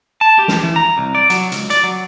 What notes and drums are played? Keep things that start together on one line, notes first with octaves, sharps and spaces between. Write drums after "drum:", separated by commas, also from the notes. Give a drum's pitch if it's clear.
A5
G4
drum: snare
E3
A#5
C2
D5
F#3, drum: hi-hat
C#2, drum: hi-hat
D5, drum: hi-hat
F#3